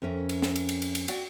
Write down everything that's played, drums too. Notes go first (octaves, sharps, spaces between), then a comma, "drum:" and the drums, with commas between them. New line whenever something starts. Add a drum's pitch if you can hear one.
F2 C#4 A#4 E5
drum: cymbal
drum: snare
drum: cymbal
drum: cymbal
drum: cymbal
drum: cymbal
F#4 D5 G5, drum: cymbal